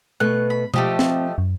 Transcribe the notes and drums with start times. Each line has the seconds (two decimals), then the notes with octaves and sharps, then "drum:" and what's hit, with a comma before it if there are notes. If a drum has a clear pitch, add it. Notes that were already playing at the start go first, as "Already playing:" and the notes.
0.20 B2 A3 F#6
0.50 B5
0.74 F3 A3 G4 D#5, drum: tom B2
0.99 C4, drum: snare
1.38 F#2